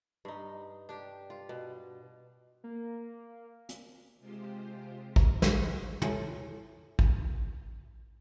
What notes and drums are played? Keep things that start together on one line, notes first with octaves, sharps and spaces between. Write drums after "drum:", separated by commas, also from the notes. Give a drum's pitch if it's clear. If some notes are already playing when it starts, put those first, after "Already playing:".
G2 D#4
D4 G4
F4
B2
A#3
drum: hi-hat
C3 G#3 F4 G4 C5
drum: kick
drum: snare
E4 A4 C#5 E5 G#5 A5, drum: tom
drum: kick